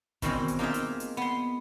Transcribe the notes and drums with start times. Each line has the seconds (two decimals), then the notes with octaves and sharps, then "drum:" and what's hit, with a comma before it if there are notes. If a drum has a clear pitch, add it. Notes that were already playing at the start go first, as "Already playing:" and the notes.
0.22 B2 D#3 E3 G#3 C4, drum: kick G#1, hi-hat
0.48 drum: hi-hat
0.59 A#3 D#4 F4 G#4 E5
0.74 drum: hi-hat
1.00 drum: hi-hat
1.17 B3 C6